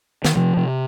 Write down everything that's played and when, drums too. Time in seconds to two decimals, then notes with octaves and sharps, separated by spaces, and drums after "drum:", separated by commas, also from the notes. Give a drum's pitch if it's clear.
0.25 D#3, drum: snare
0.36 C3 F3
0.57 C3